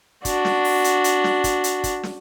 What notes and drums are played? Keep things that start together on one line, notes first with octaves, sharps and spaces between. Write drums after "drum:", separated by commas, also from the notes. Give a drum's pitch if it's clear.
D4 F#4, drum: kick, hi-hat
drum: snare
drum: open hi-hat
drum: hi-hat
drum: hi-hat
drum: snare
drum: kick, hi-hat
drum: hi-hat
drum: kick, hi-hat
drum: snare